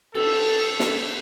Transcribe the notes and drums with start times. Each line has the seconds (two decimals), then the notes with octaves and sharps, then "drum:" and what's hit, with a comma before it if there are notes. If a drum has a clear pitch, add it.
0.14 A4, drum: cymbal
0.80 drum: snare